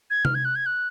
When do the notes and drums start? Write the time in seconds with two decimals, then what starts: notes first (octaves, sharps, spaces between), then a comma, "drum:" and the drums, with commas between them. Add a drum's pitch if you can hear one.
0.10 G#6
0.25 F6, drum: tom C3
0.35 G#6
0.45 F#6
0.56 G#6
0.66 F#6